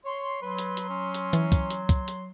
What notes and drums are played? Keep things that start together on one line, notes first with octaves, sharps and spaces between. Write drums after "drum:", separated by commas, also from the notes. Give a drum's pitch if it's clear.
C#5 C6
F#3 B4 C6
drum: hi-hat
drum: hi-hat
C#4
drum: hi-hat
E3, drum: hi-hat
drum: kick, hi-hat
drum: hi-hat
drum: kick, hi-hat
drum: hi-hat